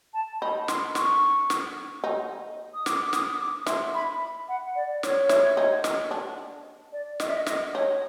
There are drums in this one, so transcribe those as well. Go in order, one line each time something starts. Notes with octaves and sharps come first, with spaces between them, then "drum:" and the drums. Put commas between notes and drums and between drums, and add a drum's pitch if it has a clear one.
A5
D#4 B5
C6, drum: snare
C#6, drum: snare
drum: snare
D#4
D#6
D6, drum: snare
D6
D#6, drum: snare
D#6
D6
E4 C6, drum: snare
B5
B5
F#5
D5
C#5, drum: snare
E4, drum: snare
D#4
D#4, drum: snare
D4
D5
D#5, drum: snare
E5
D#5
D#5, drum: snare
D#4 C#5